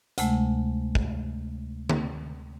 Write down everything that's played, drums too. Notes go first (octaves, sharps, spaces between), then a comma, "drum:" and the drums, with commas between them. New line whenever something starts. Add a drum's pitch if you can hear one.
D2 C3 G#3 A3, drum: hi-hat
drum: kick
drum: tom D3